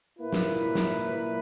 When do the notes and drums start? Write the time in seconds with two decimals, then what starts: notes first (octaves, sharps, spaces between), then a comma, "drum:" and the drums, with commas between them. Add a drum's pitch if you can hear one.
0.18 A#2 A#3 E4 B4
0.33 drum: snare
0.75 drum: snare